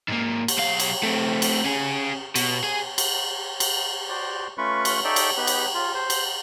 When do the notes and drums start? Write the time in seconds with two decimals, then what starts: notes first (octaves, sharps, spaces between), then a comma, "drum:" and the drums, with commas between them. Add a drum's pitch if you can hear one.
0.09 G#2 A#3
0.48 drum: cymbal
0.57 B1 F5
0.80 drum: cymbal
1.03 A3 C4
1.42 drum: cymbal
1.65 C#4 G#4
2.36 B2, drum: cymbal
2.63 G#4
2.98 drum: cymbal
3.60 drum: cymbal
4.09 F#4 C5 D5
4.58 A3 C#4 F4 B4 B5 C#6
4.85 drum: cymbal
5.04 D#4 A4 C#5 D5 E5 G5
5.16 drum: cymbal
5.37 B3 D#4 G4 B4
5.47 drum: cymbal
5.74 F4
5.94 C5
6.10 drum: cymbal